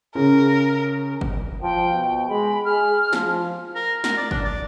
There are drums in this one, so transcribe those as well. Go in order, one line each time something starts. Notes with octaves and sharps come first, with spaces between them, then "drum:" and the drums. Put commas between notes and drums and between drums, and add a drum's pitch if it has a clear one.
C#3 A#4
drum: kick G1
F3 G5
B2
G#3 B5
G#4 F6
F3, drum: snare
A#4
A#4, drum: snare
D5
D4, drum: kick G1
D5